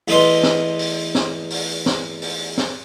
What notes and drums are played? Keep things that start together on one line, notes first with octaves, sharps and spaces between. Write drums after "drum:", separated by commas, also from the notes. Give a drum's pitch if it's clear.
E2 A3 B4 D#5 C6, drum: open hi-hat
drum: snare
drum: open hi-hat
drum: snare
drum: open hi-hat
drum: snare
drum: open hi-hat
drum: snare